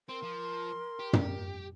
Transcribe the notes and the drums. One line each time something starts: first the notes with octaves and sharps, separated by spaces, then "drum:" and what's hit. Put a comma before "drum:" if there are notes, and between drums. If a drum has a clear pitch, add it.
C4 A#4 C6
F3
G4
drum: tom